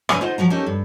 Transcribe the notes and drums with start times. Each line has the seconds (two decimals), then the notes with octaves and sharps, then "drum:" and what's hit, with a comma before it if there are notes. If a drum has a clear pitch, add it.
0.09 D2 D3 F3 B4 C#5 G#5, drum: rim click
0.21 D#4 F4 C5 D#5 F#5
0.38 F3 F#3 F#4 A#5
0.50 A#3 C#4 D#4 G4 A4
0.66 G2